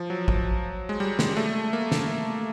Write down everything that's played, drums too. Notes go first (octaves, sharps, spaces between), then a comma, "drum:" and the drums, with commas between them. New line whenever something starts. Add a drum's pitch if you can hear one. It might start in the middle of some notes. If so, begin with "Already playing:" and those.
Already playing: F3
F#3
drum: kick
G#3
G3
G#3, drum: snare
A3
A#3
drum: snare